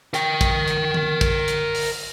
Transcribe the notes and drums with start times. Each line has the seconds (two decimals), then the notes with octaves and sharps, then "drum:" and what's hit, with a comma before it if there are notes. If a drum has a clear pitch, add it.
0.14 A#4 G5, drum: hi-hat
0.41 drum: kick, hi-hat
0.68 drum: hi-hat
0.94 drum: tom D#3
1.21 drum: kick, hi-hat
1.48 drum: hi-hat
1.75 drum: open hi-hat